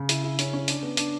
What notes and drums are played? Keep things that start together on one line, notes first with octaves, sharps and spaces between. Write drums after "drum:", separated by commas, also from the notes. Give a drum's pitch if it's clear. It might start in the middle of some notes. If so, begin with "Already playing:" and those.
Already playing: C#3
E4, drum: hi-hat
E4
C#4, drum: hi-hat
C#4
D4, drum: hi-hat
B3
D4, drum: hi-hat